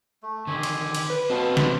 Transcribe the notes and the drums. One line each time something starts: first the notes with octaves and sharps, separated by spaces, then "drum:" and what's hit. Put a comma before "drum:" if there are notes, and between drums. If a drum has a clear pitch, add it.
A3
D3 D#3 C4 G4 G#5
drum: cymbal
drum: cymbal
B4
B2 C4 A4 C5 C#5 F5
drum: snare